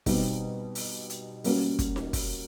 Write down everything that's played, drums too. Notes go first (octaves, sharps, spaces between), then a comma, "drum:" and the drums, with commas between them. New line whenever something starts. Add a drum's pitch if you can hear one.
B2 G3 C4 D#4 F#4, drum: kick, open hi-hat
drum: open hi-hat
drum: hi-hat
G3 A#3 C#4 F#4 A#4, drum: open hi-hat
drum: kick, hi-hat
drum: snare D#4
drum: kick, open hi-hat